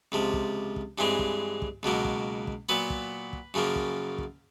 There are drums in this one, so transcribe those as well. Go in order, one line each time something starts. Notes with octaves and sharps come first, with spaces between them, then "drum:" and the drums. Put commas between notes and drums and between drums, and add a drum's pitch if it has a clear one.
C#2 C3 F3
drum: kick
drum: kick
G2 E3 G#3 C4
drum: kick
drum: kick
C#2 B2 F#3 A#3
drum: kick
drum: kick
A#2 F#3 B3 B4
drum: kick
drum: kick
F#2 C#3 F3 A#3
drum: kick
drum: kick